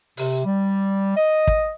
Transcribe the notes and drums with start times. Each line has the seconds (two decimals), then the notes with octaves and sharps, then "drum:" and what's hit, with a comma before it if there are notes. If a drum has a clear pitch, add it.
0.17 C3, drum: open hi-hat
0.45 G3
1.16 D#5
1.47 drum: kick